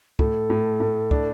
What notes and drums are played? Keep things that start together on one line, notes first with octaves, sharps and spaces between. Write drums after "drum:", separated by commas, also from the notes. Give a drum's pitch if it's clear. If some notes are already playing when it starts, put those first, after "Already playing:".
A2 A4, drum: kick
A2
A2
D4, drum: kick